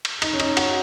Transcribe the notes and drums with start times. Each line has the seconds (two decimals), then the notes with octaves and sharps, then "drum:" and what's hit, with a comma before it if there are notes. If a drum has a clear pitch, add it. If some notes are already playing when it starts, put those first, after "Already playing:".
0.05 drum: cymbal
0.22 D#4, drum: cymbal
0.33 C#4
0.40 D#4, drum: cymbal
0.57 F#4, drum: cymbal